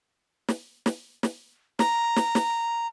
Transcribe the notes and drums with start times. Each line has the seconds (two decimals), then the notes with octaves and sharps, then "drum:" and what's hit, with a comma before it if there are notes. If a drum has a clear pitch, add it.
0.48 drum: snare
0.86 drum: snare
1.23 drum: snare
1.79 A#5, drum: snare
2.16 drum: snare
2.35 drum: snare